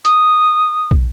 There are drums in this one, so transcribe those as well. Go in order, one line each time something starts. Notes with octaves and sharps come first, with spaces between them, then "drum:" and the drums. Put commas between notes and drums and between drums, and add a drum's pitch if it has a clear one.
D#6, drum: hi-hat
drum: kick